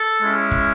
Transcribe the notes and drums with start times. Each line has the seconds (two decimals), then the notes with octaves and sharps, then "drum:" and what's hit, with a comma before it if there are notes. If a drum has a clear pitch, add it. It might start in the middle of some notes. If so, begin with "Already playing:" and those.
Already playing: A4
0.21 G#3 C#4 E4
0.51 drum: kick